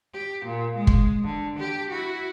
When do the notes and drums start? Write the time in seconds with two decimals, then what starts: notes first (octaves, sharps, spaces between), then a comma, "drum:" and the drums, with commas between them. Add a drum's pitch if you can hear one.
0.14 G4
0.46 A#2
0.76 G#3
0.87 drum: kick
1.25 D3
1.59 G4
1.91 E4 F#4